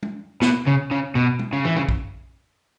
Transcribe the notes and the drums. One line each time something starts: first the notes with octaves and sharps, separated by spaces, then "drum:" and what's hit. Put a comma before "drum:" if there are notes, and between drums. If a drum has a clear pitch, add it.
drum: tom
B2, drum: snare
C#3
C#3
B2
drum: tom
C#3
E3
C#3
drum: kick